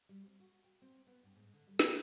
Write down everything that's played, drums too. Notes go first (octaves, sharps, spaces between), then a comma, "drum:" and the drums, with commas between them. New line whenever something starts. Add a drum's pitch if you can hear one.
G3
C4
F#4
G5
C4
B3
G2
G#2
D3
G3
E4, drum: snare